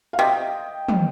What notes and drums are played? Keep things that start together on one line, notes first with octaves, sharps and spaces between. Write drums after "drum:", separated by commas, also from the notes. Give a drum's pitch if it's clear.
F5
C3 D#5 G5
drum: tom